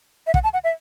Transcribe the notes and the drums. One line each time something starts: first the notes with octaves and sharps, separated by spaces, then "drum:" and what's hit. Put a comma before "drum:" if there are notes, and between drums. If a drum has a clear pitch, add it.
E5
F#5, drum: kick
A5
F#5
E5